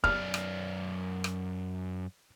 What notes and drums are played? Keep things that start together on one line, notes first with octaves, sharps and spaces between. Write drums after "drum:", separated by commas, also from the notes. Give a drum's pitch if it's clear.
F#2 D5 F6, drum: kick
drum: rim click
drum: rim click